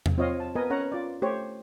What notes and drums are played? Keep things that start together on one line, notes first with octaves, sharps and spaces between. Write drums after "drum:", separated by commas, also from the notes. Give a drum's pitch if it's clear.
drum: tom E2
C4 F4 C#5 D#5 F5
A5
B3 A#4 B4 D#5 G#5
C#4 A#4 C#5 F#5 A#5
F4 D5
A3 G4 C5 C#5